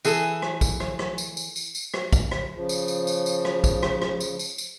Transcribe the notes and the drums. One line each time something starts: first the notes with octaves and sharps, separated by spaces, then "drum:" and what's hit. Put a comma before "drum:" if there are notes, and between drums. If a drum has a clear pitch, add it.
E3 G#4 A4, drum: tambourine
drum: rim click
drum: kick A#1, tambourine
drum: rim click
drum: rim click
drum: tambourine
drum: tambourine
drum: tambourine
drum: tambourine
drum: rim click
drum: kick A#1, tambourine
drum: rim click
C#3 F3
drum: tambourine
drum: tambourine
drum: tambourine
drum: tambourine
drum: rim click
drum: kick A#1, tambourine
drum: rim click
drum: rim click
drum: tambourine
drum: tambourine
drum: tambourine